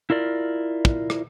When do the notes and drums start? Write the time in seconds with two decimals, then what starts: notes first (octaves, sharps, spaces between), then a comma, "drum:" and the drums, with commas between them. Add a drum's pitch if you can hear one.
0.10 E4 F4 A#4 D5
0.85 drum: kick
1.10 drum: rim click